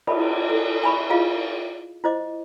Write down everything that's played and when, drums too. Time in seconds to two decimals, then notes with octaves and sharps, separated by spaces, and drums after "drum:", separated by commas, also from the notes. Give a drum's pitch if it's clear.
0.07 B5, drum: cymbal
0.50 A4
0.83 G#5 B5 C#6
1.10 E4 F4 G#4 D#5 F5
2.04 E4 C5 D#5 D6